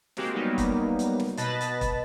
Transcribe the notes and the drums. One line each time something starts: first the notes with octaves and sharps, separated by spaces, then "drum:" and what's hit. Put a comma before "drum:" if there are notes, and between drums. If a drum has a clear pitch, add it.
G#3 A#3 C4 F#4 G4, drum: snare
F#3 G3 A#3 B3 D#4
drum: kick, hi-hat
drum: hi-hat
drum: snare
B2 B4 D#5 A5 B5 A6, drum: hi-hat
drum: hi-hat
drum: kick, hi-hat